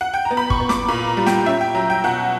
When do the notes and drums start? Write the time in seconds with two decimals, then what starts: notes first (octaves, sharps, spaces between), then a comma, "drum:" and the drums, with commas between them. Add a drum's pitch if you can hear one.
0.01 F#5
0.14 G5
0.25 A#5
0.31 B3
0.37 B5
0.50 C#6, drum: kick G1
0.60 B3
0.69 D6, drum: snare
0.88 A#2 B5
1.07 A#5
1.17 G3
1.26 G5, drum: snare
1.46 C#4 E5
1.61 G5
1.75 F#3 A#5
1.90 G5
2.04 B2 F#5